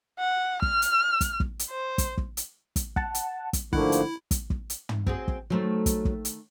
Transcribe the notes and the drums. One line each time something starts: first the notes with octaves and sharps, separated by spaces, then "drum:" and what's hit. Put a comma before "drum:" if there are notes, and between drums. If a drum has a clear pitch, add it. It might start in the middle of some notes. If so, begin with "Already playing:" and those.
F#5
F6, drum: kick
drum: hi-hat
drum: kick, hi-hat
drum: kick
drum: hi-hat
C5
drum: kick, hi-hat
drum: kick
drum: hi-hat
drum: kick, hi-hat
F#5 A5, drum: kick
drum: hi-hat
drum: kick, hi-hat
G#1 D3 D#3 F3 A3 A#3 E4 F#5, drum: kick
drum: hi-hat
drum: kick, hi-hat
drum: kick
drum: hi-hat
drum: tom
C4 F#4 G#4, drum: kick
drum: kick
D#3 F#3 A3 C5
drum: kick, hi-hat
drum: kick
drum: hi-hat